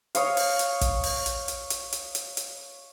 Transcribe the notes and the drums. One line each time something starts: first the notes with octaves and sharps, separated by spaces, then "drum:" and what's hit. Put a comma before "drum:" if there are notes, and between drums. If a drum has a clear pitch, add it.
C#5 D#5 F5, drum: hi-hat
drum: open hi-hat
drum: hi-hat
drum: kick, hi-hat
drum: open hi-hat
drum: hi-hat
drum: hi-hat
drum: hi-hat
drum: hi-hat
drum: hi-hat
drum: hi-hat